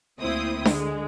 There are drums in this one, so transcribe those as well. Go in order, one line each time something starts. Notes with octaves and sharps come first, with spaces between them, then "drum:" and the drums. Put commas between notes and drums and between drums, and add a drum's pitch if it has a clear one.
D2 A#3 C4 E4 C5 D#6
D3 G#3, drum: snare D4